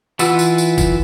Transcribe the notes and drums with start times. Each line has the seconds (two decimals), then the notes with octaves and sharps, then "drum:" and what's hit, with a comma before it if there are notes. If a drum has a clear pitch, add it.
0.19 E3 E4 F4 F#5 E6, drum: tambourine
0.39 drum: tambourine
0.58 drum: tambourine
0.78 drum: kick A1, tambourine